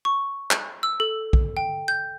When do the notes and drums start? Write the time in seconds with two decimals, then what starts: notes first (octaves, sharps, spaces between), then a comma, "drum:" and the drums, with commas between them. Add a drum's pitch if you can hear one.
0.05 C#6
0.51 drum: clap
0.83 E6
1.00 A4
1.33 drum: kick
1.57 G5
1.88 G6